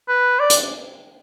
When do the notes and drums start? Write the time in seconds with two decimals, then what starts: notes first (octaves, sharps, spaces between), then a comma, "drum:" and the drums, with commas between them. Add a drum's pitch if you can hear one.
0.08 B4
0.40 D5
0.50 drum: hi-hat